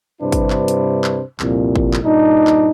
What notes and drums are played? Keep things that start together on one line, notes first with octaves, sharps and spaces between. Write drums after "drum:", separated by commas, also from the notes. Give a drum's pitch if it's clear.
G2 C3 D4 E4 B4 C5
drum: kick G#1, hi-hat
drum: clap
drum: hi-hat
drum: clap
C2 F2 A#2, drum: clap
drum: kick G#1
drum: clap
G2 A#2 D4 D#4
drum: clap